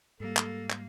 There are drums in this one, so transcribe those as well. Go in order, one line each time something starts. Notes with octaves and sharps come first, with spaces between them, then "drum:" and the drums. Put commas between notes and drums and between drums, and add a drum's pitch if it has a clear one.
G#2 G3 A#3 A4
drum: clap
drum: clap